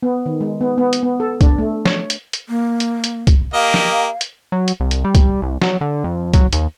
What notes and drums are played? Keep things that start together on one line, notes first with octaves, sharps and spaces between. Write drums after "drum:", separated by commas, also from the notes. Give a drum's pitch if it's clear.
B3
D#3
G#3
B3
B3
drum: hi-hat
B3
A4
D4, drum: kick, hi-hat
A3
C#5, drum: snare F3
drum: hi-hat
drum: hi-hat
A#3
drum: hi-hat
drum: hi-hat
drum: kick, hi-hat
A#3 G4 D#5 F5
drum: snare F3
drum: hi-hat
F#3
drum: hi-hat
C2
drum: hi-hat
G3
drum: kick, hi-hat
C2
F#3, drum: snare F3
D3
F2
F#3, drum: kick, hi-hat
D#2, drum: hi-hat